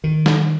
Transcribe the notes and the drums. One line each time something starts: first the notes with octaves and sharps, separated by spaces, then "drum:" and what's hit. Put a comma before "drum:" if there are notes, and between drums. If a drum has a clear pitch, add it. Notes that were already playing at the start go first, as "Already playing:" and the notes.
D#3
drum: snare